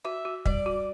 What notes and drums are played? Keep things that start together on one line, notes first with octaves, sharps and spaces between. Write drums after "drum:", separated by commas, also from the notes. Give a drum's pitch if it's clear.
F#4 E5
F#4
G3 D5, drum: kick
F#4